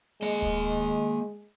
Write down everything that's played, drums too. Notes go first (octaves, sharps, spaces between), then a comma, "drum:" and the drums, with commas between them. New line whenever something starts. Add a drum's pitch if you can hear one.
G#3 A#3 D#5
drum: kick D1